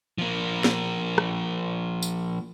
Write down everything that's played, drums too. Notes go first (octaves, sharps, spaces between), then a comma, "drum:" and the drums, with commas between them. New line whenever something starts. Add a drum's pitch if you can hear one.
F3 A#3
drum: snare
drum: rim click
drum: tambourine